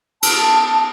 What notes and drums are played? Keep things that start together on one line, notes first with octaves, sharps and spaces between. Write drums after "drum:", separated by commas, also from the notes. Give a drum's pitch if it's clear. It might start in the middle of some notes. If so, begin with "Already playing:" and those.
A5, drum: cymbal